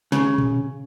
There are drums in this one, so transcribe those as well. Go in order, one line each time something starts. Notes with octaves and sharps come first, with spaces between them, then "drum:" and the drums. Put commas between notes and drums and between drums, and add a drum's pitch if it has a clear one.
C#3, drum: snare
drum: tom A#2